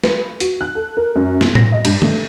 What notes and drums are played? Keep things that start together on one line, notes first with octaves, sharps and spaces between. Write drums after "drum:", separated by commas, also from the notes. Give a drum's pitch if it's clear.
B4, drum: snare
F#4, drum: hi-hat
F#6
A4
A#4
F#2
B1, drum: snare
A#6, drum: tom A2
D#5
G2, drum: cymbal
A3, drum: tom D3